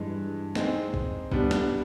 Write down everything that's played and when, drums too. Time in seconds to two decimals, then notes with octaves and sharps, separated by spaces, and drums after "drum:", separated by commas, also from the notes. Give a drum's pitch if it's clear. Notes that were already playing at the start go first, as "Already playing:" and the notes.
Already playing: G2 E3 G#3
0.55 G#3 C4 D#4 G#4, drum: snare
0.94 drum: kick
1.32 G3 B3 D4, drum: kick
1.51 drum: snare